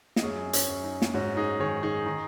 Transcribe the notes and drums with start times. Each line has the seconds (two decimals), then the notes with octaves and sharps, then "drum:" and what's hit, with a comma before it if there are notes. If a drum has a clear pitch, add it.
0.16 D#5, drum: snare
0.22 F#2 G#4 C#5
0.53 C#4, drum: hi-hat
0.68 F#2
0.84 D#4
1.02 drum: snare
1.14 G#2 C#4 F#4
1.37 D#4 G#4
1.60 D#3 G#4 C#5
1.83 D#4 G#4
2.06 D#3